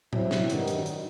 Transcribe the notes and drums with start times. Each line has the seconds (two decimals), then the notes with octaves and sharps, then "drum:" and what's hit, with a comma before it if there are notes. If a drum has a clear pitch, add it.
0.13 C3 F#3 C4 E4, drum: tom A2
0.31 drum: snare
0.50 G2 D#3 G3 D#4 F#4, drum: hi-hat
0.68 drum: hi-hat
0.86 drum: hi-hat